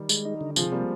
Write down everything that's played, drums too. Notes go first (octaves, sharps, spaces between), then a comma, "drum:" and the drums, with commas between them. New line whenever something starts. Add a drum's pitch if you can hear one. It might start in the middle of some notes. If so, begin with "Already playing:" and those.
Already playing: D#3 G3
G#3, drum: tambourine
D#4
D3
C3 F3 G#3, drum: tambourine
G3 A#3 C4